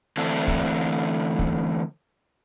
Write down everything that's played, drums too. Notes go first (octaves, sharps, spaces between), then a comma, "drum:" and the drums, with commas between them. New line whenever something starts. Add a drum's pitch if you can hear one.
D3 E3 A3 C4 D4
drum: kick
drum: kick